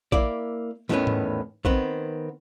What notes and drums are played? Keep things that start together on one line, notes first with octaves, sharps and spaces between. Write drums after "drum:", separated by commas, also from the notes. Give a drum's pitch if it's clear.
A#3 E4 D5, drum: kick A#1
E2 A2 D#3 A3 B3 C#4
drum: tom G#2
D#3 B3 C4, drum: kick A#1